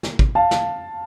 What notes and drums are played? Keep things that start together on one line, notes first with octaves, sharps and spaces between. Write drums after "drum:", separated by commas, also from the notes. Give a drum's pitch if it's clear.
drum: snare
drum: kick
F5 A5
drum: snare